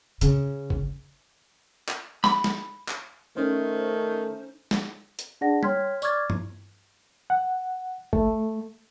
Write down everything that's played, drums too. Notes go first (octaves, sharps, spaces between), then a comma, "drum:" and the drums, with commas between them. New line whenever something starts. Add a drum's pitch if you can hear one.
C#3, drum: hi-hat
drum: kick
drum: clap
B5, drum: snare
drum: snare
drum: clap
D#3 A3 C#4 D#4 C5
drum: snare
drum: hi-hat
D4 G#4 D5 F#5 A5 A#6
C#5 G5 C6 F6 G#6 B6, drum: tom G3
D5 C#6 D6 F6 G#6 A6, drum: tambourine
drum: tom G2
F#5
A3, drum: kick